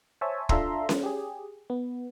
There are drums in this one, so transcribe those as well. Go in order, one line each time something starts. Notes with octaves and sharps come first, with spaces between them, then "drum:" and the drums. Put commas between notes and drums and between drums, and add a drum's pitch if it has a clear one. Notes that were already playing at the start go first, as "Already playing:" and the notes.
C5 C#5 E5 G#5 A5
D4 F4 A4 E5 A#5 C6, drum: kick
drum: snare C#4
G4 G#4
B3